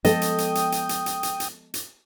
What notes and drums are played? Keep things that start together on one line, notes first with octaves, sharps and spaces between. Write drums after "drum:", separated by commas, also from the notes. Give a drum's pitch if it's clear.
F3 G#3 B3 A4 D#5 G5 D#6, drum: hi-hat
drum: hi-hat
drum: hi-hat
drum: hi-hat
drum: hi-hat
drum: hi-hat
drum: hi-hat
drum: hi-hat
drum: hi-hat
drum: hi-hat